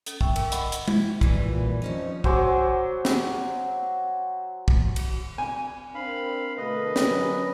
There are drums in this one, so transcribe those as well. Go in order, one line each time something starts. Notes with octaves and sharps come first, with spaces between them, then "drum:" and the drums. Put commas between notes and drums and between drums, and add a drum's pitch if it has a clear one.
C#4 A4, drum: hi-hat
E5 G5 C#6 E6, drum: kick
A#4, drum: cymbal
D#5 F#5 B5 C#6, drum: hi-hat
drum: hi-hat
E4, drum: tom G#3
E3 G3 B4, drum: kick
A#2
F2 F3 C#4 D#4
F#3 C5 G#5 D6, drum: kick
drum: snare
drum: kick
drum: cymbal
G#5
C4 D4 A#4 F5 B5
B2 D3 A3 A#4 B4 D#5
D3 F#3 C#4, drum: snare